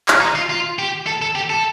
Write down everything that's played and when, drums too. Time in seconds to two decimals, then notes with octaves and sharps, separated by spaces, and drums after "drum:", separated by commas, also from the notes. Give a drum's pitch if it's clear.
0.08 drum: clap
0.21 D#4
0.35 F4
0.50 F4
0.79 G4
1.07 A4
1.22 A4
1.35 G4
1.50 A4